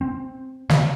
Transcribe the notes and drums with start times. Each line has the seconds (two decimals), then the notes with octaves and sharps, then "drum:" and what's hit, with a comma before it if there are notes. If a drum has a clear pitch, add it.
0.01 C4
0.69 D3, drum: snare